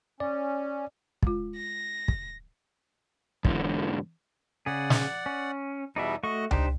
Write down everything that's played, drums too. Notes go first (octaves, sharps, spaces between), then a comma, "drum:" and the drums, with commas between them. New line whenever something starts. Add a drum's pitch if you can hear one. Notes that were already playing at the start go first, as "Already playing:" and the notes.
C#4 D5
G#3 F4, drum: kick
A#6
drum: kick
E2 G#2 D3, drum: kick
C#3 G#4 D5 F#5
drum: snare
C#4
E2 B2 G3 D#4 D5 E5
A3 F#4 D#5 C#6
D4 D#4 G4 C5, drum: tom C#2